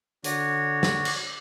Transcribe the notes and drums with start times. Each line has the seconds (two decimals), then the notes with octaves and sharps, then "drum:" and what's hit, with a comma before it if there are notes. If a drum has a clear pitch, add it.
0.24 D3 D4 F#4 C#5, drum: hi-hat
0.83 drum: snare
1.05 drum: cymbal